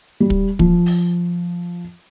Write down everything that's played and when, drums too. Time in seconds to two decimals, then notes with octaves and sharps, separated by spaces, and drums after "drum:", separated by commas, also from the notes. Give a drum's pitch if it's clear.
0.20 G3
0.30 drum: kick
0.59 F3, drum: kick
0.86 drum: open hi-hat